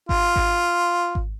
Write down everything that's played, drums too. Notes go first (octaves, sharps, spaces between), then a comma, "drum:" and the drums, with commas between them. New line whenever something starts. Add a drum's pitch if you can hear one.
F4, drum: kick G#1
drum: kick G#1
drum: kick G#1